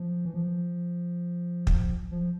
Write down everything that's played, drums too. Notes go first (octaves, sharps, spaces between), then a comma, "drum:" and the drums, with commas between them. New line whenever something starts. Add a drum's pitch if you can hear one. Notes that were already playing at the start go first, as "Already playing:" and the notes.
Already playing: F3
E3
F3
drum: kick
F3